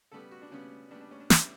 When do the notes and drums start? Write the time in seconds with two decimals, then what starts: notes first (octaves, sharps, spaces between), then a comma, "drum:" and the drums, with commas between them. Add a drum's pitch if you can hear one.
0.12 C#3 G3 B3 A4
0.31 F#4
0.42 D4
0.51 C#3 G3 B3 C#4
0.91 C#3 G3 B3 D4
1.01 D4
1.11 C#4
1.20 D4
1.30 C#3 G3 B3 E4, drum: snare